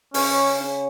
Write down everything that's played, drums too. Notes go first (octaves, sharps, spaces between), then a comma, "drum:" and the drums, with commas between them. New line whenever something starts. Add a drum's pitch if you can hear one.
C#3 C#4, drum: open hi-hat
C#4